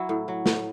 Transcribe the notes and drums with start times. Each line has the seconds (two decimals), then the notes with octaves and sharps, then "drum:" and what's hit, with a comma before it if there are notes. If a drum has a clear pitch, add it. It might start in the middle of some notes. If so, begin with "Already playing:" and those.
Already playing: F#3 E4
0.09 A2
0.28 F#3
0.46 A2, drum: snare